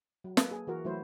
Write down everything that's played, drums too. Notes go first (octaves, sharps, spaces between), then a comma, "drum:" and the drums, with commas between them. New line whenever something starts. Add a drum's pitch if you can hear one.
F#3
A#3 A4 B4, drum: snare
G#4
E3 F#4 A#4
E3 F#3 A3 E4 C5